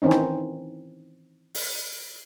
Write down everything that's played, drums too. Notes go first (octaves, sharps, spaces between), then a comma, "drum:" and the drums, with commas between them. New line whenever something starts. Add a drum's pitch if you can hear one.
D#3 E3 C4 C#4 D#4
drum: rim click
drum: open hi-hat